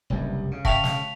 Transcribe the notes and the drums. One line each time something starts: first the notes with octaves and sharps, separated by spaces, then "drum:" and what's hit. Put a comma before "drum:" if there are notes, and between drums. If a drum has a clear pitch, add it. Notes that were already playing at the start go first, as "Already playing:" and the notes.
F#1 C2 G2
C#3
E5 F5 G5 A5 C#6 B6 F7, drum: kick
drum: snare